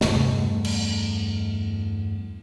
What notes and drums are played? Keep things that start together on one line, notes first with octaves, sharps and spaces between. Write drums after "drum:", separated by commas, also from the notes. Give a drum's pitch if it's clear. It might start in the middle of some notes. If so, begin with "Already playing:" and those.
E2 G2 A3 B3, drum: snare
drum: tom C3
drum: cymbal